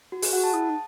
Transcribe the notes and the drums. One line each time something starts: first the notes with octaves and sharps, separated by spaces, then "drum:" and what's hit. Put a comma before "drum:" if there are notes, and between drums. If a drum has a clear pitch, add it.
F#4
G#4, drum: open hi-hat
F#4 F#5
A5
E4 D#6
D#4